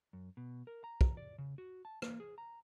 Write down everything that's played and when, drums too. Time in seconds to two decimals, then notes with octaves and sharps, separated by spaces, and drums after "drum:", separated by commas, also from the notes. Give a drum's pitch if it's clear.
0.13 F#2
0.37 B2
0.67 A#4
0.84 A#5
1.01 drum: kick
1.17 D5
1.38 C#3
1.58 F#4
1.85 A5
2.02 A#3, drum: rim click
2.20 G#4
2.38 A#5